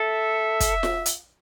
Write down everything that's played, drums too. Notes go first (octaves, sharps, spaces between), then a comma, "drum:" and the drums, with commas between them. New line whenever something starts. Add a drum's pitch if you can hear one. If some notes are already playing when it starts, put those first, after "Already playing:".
Already playing: A4 E5
drum: kick, hi-hat
drum: snare F4
drum: hi-hat